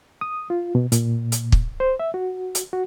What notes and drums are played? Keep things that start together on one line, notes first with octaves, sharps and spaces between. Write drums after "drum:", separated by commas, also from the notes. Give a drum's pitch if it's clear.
D#6
F4
B2
A#2, drum: hi-hat
drum: hi-hat
drum: kick
C5
E5
F#4
drum: hi-hat
F#4